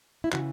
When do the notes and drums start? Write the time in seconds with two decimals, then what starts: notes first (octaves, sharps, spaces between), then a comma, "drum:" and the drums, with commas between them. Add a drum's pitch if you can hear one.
0.24 E4
0.32 C#3 E3 F#4, drum: clap